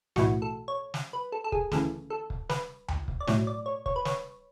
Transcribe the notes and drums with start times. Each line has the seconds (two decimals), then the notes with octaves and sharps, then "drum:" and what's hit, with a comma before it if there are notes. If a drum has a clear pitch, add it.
0.16 B1 A2 E3 F#4, drum: snare
0.42 A4
0.68 C#5
0.94 drum: snare
1.13 B4
1.32 A4
1.44 A4
1.52 G#4, drum: kick
1.72 D2 C#3 E3 A4, drum: snare
2.10 A4
2.30 drum: kick
2.49 B4, drum: snare
2.88 drum: tom D2
3.08 drum: kick
3.20 D5
3.27 B1 A2 F#3 C#5, drum: snare
3.47 D5
3.66 C#5
3.86 C#5, drum: kick
3.96 B4
4.05 C#5, drum: snare